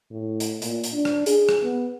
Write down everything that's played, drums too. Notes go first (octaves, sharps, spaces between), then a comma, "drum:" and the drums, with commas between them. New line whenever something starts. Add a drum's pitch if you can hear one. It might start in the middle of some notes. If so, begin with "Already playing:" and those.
A2
drum: hi-hat
A#2, drum: hi-hat
drum: hi-hat
D4
drum: rim click
G#4, drum: hi-hat
drum: rim click
B3